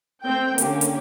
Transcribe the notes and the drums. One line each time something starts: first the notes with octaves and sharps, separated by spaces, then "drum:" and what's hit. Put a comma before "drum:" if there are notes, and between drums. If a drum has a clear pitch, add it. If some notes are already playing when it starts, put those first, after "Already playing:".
A3 C4 G5 G6
D3 A#3 C#4 G4, drum: hi-hat
drum: hi-hat